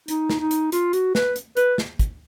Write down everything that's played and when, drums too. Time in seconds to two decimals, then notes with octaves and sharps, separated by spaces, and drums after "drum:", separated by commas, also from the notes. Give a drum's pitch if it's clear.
0.08 D#4, drum: hi-hat
0.30 drum: snare
0.40 D#4
0.51 drum: hi-hat
0.72 F4, drum: hi-hat
0.93 F#4, drum: hi-hat
1.15 B4, drum: snare
1.36 drum: hi-hat
1.57 B4, drum: hi-hat
1.78 drum: snare
1.99 drum: kick, hi-hat